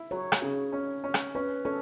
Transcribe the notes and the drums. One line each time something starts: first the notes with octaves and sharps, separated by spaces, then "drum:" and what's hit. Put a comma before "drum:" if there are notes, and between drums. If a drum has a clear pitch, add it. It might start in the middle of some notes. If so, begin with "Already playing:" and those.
Already playing: E4
F#3 C#5
drum: rim click
C#3
C#4
C#4
drum: rim click
C#4 B4
C#4 A4